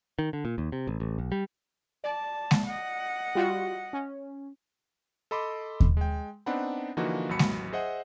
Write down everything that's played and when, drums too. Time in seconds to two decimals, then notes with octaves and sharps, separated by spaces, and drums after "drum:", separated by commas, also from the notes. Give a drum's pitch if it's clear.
0.19 D#3
0.33 D3
0.45 A#2
0.58 D#2
0.72 C3
0.87 A1
1.00 A1
1.19 B1
1.32 G3
2.04 D5 A5
2.51 drum: snare G#3
2.66 D#5 F#5
3.35 G3 F4 F#4
3.93 C#4
5.31 A4 D#5 B5 C6 D6
5.80 drum: kick D#2
5.97 G#3 G5
6.46 B3 C4 D4 D#4 F#5 B5
6.97 D3 E3 F3 A#3 D#4 F#4
7.29 A1 D#2 F#3 B5 C#7
7.39 drum: snare G#3
7.73 G#4 C5 D#5 E5 F#5